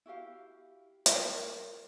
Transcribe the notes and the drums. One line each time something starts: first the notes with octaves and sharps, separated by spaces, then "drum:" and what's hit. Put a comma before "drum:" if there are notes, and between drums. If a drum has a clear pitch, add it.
E4 F#4 G4 F5
drum: hi-hat
A#4 C5